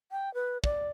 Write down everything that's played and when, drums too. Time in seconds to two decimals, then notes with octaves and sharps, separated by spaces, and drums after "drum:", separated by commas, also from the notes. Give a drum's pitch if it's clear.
0.12 G5
0.34 B4
0.64 D5, drum: kick